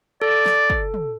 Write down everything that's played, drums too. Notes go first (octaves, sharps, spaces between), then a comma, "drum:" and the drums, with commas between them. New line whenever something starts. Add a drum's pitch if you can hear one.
A4 D5
drum: snare
drum: kick
drum: tom